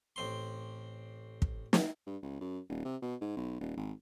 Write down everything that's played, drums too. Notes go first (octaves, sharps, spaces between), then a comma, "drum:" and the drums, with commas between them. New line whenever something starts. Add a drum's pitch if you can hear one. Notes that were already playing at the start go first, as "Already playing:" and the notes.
A1 C4 C6
drum: kick
drum: snare
G2
C#2
F#2
D#1
C3
B2
G#2
B1
D#1
G#1